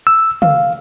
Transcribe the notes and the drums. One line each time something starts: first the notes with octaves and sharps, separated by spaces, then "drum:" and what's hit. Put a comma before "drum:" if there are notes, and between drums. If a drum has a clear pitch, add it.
E6
F5, drum: tom